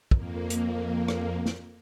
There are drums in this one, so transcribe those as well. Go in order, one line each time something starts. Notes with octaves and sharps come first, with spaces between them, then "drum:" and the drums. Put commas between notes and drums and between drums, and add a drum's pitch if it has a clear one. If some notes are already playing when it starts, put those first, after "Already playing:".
F2 A#3, drum: kick
drum: hi-hat
drum: rim click
drum: snare